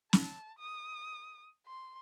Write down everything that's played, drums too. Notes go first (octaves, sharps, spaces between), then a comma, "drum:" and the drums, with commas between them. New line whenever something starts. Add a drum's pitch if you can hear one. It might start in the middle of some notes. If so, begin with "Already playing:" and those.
A5, drum: snare
D#6
C6